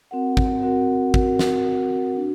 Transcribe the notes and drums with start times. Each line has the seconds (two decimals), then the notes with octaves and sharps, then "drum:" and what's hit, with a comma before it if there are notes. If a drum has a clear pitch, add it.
0.11 C4 F#4 A#4 F#5
0.37 drum: kick
0.63 C4 F#4 A#4 F#5
1.14 C4 F#4 A#4 F#5, drum: kick
1.39 drum: snare
1.65 C4 F#4 A#4 F#5
2.16 D4 F#4